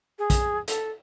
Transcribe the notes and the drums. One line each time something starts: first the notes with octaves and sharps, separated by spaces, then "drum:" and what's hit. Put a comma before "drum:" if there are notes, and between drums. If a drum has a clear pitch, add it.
G#4
drum: kick, hi-hat
A4, drum: hi-hat